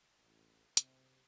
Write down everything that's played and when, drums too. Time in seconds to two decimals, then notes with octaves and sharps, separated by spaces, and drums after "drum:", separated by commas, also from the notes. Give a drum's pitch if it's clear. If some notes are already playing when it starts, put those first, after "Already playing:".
0.19 A1
0.77 C3, drum: hi-hat